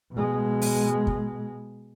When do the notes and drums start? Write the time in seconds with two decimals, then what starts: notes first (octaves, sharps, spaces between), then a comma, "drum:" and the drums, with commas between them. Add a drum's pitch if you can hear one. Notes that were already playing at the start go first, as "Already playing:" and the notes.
0.13 B2 G#3
0.62 drum: open hi-hat
1.07 drum: kick